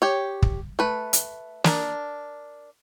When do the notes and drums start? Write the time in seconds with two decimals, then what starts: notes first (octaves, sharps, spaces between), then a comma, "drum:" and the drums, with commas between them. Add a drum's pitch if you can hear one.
0.02 G4 C#5
0.42 drum: kick
0.79 A3 B4
1.13 drum: hi-hat
1.64 D4 A#4, drum: snare